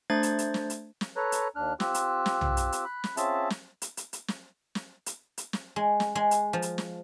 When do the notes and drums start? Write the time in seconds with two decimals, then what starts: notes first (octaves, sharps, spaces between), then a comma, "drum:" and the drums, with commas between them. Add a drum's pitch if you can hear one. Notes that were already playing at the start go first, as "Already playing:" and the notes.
0.10 A3 D4 C5 G#6 A6
0.23 drum: hi-hat
0.39 drum: hi-hat
0.54 drum: snare
0.70 drum: hi-hat
1.01 drum: snare
1.16 A4 B4 C#5 A#5 F#6
1.32 drum: hi-hat
1.56 D#2 D4 F6 F#6
1.80 C4 F4 G4 E6 F#6, drum: snare
1.94 drum: hi-hat
2.26 drum: snare
2.41 drum: tom B1
2.57 drum: hi-hat
2.72 drum: hi-hat
2.85 B5 F#6
3.04 drum: snare
3.17 C4 C#4 F4 G#4 E5 A5, drum: hi-hat
3.50 drum: snare
3.82 drum: hi-hat
3.97 drum: hi-hat
4.13 drum: hi-hat
4.28 drum: snare
4.75 drum: snare
5.06 drum: hi-hat
5.38 drum: hi-hat
5.53 drum: snare
5.76 G#3
6.00 drum: snare
6.15 G#3
6.31 drum: hi-hat
6.53 F3
6.62 drum: hi-hat
6.78 drum: snare